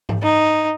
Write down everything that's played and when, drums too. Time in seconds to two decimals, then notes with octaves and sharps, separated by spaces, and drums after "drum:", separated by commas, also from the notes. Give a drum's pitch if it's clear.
0.09 drum: tom G#2
0.22 D#4